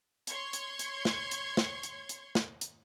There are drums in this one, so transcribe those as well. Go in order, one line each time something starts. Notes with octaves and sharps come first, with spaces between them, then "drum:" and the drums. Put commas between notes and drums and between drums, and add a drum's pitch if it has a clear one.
C#5 C6 C#6 G#6, drum: hi-hat
drum: hi-hat
drum: hi-hat
drum: snare
drum: hi-hat
drum: snare
drum: hi-hat
drum: hi-hat
drum: snare
drum: hi-hat